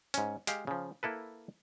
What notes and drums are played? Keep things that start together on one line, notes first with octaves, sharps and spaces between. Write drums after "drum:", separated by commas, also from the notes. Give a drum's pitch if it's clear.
G#2 C#4, drum: hi-hat
G#3 G4 F5, drum: hi-hat
C#3 F3
A#3 E4 A4 B4